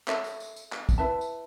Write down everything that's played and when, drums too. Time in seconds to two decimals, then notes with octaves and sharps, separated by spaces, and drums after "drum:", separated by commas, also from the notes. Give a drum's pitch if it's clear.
0.08 A4 C#5 E5, drum: clap
0.24 drum: tambourine
0.40 drum: tambourine
0.56 drum: tambourine
0.73 drum: clap
0.89 drum: kick, tambourine
0.98 E4 B4 E5 A5
1.21 drum: tambourine